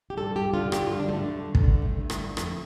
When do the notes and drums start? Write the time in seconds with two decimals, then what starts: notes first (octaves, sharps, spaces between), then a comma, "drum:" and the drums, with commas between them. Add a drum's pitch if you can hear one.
0.10 G4
0.17 G2 A4
0.35 G2 G4
0.54 D3 F4
0.72 G2 G4, drum: rim click
0.86 F4
0.91 G2
1.00 D4
1.08 D3 G3 A3
1.27 G2
1.45 G2
1.55 drum: kick
1.64 D3
1.82 G2 A3
2.01 G2
2.10 drum: rim click
2.19 D3
2.37 F2, drum: rim click